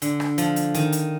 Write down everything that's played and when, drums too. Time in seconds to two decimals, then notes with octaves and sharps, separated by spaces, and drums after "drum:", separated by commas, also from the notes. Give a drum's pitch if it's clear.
0.02 D3, drum: hi-hat
0.20 drum: rim click
0.38 F3, drum: hi-hat
0.56 drum: hi-hat
0.74 D#3, drum: hi-hat
0.92 drum: hi-hat